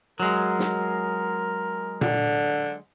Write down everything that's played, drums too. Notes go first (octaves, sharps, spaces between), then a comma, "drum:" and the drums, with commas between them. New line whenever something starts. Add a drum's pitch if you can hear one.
F#3 G#3 A#4
drum: snare
D3, drum: tom A#2